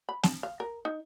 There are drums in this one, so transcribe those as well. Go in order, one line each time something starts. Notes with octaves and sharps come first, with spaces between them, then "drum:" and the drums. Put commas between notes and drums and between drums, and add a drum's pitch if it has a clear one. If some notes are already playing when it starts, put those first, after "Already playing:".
B5
A5, drum: snare
F5
A#4
D#4